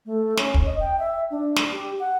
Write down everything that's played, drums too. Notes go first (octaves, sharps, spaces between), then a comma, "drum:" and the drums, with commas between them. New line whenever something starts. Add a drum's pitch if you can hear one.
A3
C#4, drum: snare
drum: kick
D#5
G5
E5
D4
drum: snare
G4
F#5